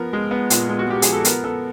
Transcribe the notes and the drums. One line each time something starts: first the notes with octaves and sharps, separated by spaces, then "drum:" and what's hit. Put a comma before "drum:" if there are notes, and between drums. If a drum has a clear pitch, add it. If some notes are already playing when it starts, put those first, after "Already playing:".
Already playing: F3 B3 A#4
G#3
B3
A#2, drum: hi-hat
G#3
F#4
G#3 G4
F3 G#4, drum: hi-hat
A4
B3 A#4, drum: hi-hat
B3 A4